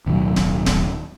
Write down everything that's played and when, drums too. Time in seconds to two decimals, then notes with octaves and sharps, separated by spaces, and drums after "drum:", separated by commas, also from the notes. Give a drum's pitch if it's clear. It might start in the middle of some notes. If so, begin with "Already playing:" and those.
0.06 D1 B2 D#3 F#3
0.36 drum: snare D1
0.66 drum: snare D1